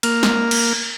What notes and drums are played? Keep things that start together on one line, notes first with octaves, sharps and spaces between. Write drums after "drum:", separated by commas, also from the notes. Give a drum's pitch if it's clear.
A#3 F6, drum: cymbal
drum: snare
drum: cymbal